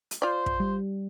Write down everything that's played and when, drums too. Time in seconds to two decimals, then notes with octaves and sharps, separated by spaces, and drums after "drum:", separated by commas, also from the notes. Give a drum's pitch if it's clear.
0.11 drum: hi-hat
0.22 F4 C5 D5
0.46 drum: kick
0.60 G3